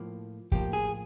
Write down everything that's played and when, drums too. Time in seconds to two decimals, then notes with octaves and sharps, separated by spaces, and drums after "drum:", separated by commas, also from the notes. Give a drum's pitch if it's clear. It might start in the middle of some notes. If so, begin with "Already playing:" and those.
Already playing: A2 F3 A#3
0.52 A2 F3 A#3 G4, drum: kick
0.73 G#4